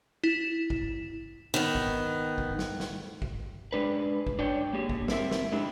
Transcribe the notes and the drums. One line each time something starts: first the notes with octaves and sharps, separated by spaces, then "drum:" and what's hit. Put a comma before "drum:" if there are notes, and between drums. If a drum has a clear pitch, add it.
E4
drum: kick
D#3 B3
drum: kick
drum: kick
drum: snare
drum: snare
drum: kick
G#3 D4 B4
drum: kick
D4 C#5 G5
A#3 G4 G#4
drum: kick
C4 A#4 E5, drum: snare
drum: snare
G#3 D4 E4 G4